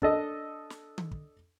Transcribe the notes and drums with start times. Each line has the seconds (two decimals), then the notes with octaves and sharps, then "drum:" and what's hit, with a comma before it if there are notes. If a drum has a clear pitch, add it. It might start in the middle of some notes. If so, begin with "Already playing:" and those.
0.02 D4 A4 D#5, drum: kick
0.70 drum: snare
0.98 drum: tom D#3
1.11 drum: kick